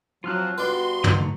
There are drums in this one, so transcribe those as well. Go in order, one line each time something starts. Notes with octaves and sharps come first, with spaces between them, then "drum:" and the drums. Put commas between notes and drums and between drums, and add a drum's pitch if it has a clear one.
F3 F#3 C4 F4 F6 F#6
G2 B3 F#4 B4 D5 C6
A3 D#4, drum: tom